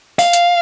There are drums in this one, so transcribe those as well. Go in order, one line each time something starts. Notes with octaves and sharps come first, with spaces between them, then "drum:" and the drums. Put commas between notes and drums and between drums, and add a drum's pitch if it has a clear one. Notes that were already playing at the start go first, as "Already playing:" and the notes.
F5, drum: open hi-hat
drum: hi-hat